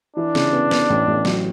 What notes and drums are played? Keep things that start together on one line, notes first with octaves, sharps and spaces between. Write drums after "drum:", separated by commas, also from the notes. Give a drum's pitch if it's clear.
E3 D4
C#3, drum: snare
B3
B3, drum: snare
A1
A1
F#3, drum: snare